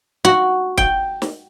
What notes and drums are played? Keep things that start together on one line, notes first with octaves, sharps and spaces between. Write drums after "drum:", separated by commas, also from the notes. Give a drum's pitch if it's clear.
F#4
G5, drum: kick
drum: snare